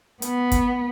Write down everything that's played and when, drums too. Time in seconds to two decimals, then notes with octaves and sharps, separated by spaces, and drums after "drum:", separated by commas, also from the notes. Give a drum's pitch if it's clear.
0.22 B3, drum: hi-hat
0.52 drum: kick, hi-hat